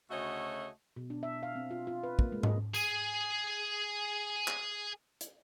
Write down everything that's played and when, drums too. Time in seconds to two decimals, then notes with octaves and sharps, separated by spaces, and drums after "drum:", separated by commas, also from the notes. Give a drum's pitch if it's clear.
0.11 D2 C#3 A3 F#4 C#5 D#5
0.96 B2
1.10 D4
1.23 E5
1.43 F5
1.55 C4
1.71 F4
1.87 F4
2.03 B4
2.19 A#3, drum: kick
2.32 G#3
2.43 D#5, drum: tom G#2
2.74 G#4 G#5, drum: tambourine
4.48 drum: clap
5.21 drum: hi-hat